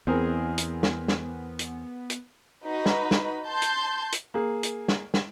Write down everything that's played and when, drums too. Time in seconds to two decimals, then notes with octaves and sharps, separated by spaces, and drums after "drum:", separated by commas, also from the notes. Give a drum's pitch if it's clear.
0.07 E2 B3 C4 G#4 A#4
0.58 drum: hi-hat
0.83 drum: snare
1.08 drum: snare
1.59 drum: hi-hat
2.10 drum: hi-hat
2.65 D#4 F#4 B4 B5
2.86 drum: snare
3.11 drum: snare
3.46 A5 C6 G6
3.62 drum: hi-hat
4.12 drum: hi-hat
4.34 A#3 G#4
4.63 drum: hi-hat
4.88 drum: snare
5.14 drum: snare